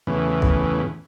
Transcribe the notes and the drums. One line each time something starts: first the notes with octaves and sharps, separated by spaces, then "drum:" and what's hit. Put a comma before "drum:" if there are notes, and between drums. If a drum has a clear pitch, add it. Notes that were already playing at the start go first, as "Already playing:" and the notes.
E2 A2 C#3 E3
drum: kick